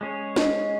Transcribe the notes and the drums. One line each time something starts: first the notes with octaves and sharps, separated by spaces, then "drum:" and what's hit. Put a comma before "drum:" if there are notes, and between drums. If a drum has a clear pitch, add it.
G#3 C#4 G#4 C#5
D#5, drum: snare